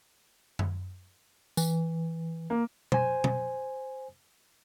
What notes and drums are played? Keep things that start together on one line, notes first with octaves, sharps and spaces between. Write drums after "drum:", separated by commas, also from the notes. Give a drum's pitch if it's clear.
drum: tom F#2
E3, drum: tambourine
A#3
C5 G#5, drum: tom B2
drum: tom B2